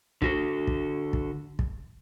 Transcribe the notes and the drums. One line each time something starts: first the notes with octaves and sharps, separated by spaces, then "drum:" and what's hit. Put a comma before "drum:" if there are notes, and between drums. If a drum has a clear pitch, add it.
D3 F#4 A4, drum: kick
drum: kick
drum: kick
drum: kick